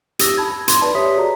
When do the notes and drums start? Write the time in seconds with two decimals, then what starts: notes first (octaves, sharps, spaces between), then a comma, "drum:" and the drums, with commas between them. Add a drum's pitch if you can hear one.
0.19 G4 D#6 E6 A#6, drum: hi-hat
0.37 A5 B5 G#6
0.68 C6, drum: hi-hat
0.81 B4 D5 A5 B5
0.95 G4 C#5 E5 D#6 B6
1.16 F#4 G#4 D5 A#5